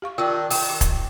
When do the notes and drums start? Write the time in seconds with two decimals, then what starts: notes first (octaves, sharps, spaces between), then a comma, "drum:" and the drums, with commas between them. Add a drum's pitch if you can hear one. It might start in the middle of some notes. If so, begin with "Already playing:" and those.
0.02 G4 F5 C#6
0.18 D#3 D4 F4 A#4 E6
0.50 D#3 A#4, drum: open hi-hat
0.69 G4 D6
0.81 drum: kick, hi-hat